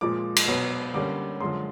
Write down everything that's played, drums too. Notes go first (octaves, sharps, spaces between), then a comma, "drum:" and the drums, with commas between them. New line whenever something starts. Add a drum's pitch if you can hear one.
A#2 F3 G#3 D6
drum: cymbal
B2 F#3 B3
D3 G3 A#3 C#4 D6
F#2 D3 F3 G#3 C6